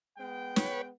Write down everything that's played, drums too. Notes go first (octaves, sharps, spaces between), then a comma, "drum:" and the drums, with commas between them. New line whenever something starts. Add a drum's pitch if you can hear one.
G#3 B3 G5
B4 C#5, drum: snare